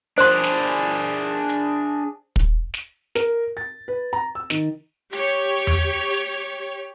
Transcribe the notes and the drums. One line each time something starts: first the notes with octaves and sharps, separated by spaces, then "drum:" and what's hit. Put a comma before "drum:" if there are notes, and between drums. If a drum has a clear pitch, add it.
D4 G#4 C5 C6
drum: snare
drum: hi-hat
drum: kick
drum: snare
A#4, drum: snare
A6
B4
A#5
E6
D#3, drum: snare
G4 C#5, drum: hi-hat
drum: tom E2